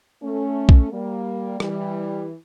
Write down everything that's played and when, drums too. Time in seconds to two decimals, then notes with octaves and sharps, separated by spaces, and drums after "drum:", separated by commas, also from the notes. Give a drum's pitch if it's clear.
0.23 A3 C#4
0.69 drum: kick B1
0.92 G3 A#3
1.60 E3 G3, drum: rim click